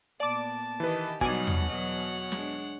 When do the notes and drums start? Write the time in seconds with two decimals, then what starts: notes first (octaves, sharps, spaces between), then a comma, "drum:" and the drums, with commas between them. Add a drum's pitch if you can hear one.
0.20 A#2 B3 D5 A5 D6
0.80 D#3 E3 G4 B4 D#5
1.21 B2 F#3 G3 D#4 C#5 D5 F#5 G#5, drum: kick
1.47 drum: tom
1.68 E2 F#3 D#5
2.32 G#3 D4, drum: snare